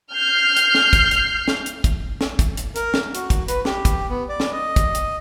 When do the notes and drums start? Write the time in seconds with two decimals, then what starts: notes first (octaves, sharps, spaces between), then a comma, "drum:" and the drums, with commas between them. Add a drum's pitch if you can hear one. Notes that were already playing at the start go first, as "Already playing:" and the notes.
0.12 F6 G6 C7
0.56 drum: hi-hat
0.75 drum: snare
0.93 drum: kick, hi-hat
1.11 drum: hi-hat
1.48 drum: snare
1.66 drum: hi-hat
1.84 drum: kick, hi-hat
2.21 drum: snare
2.39 drum: kick, hi-hat
2.57 drum: hi-hat
2.75 A#4, drum: hi-hat
2.94 drum: snare
3.14 F#4, drum: hi-hat
3.30 drum: kick, hi-hat
3.48 B4, drum: hi-hat
3.65 G4, drum: snare
3.85 drum: kick, hi-hat
4.10 B3
4.29 D5
4.40 drum: snare
4.52 D#5
4.76 drum: kick, hi-hat
4.95 drum: hi-hat